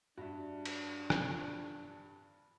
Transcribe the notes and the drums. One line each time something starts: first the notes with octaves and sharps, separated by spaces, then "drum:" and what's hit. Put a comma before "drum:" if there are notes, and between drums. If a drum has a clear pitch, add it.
G2 D4 F#4 E5
drum: cymbal
drum: rim click